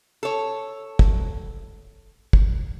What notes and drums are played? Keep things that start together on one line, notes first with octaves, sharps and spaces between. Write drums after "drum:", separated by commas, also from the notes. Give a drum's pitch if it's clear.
A4 C#5
drum: kick
drum: kick